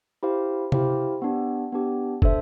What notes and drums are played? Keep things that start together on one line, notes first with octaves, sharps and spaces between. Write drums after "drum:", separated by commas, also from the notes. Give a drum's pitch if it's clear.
E4 G4 C5 F5
E4 G4 C5 F5, drum: tom C3
B3 D4 G4
B3 D4 G4
D4 A4 C5 E5, drum: kick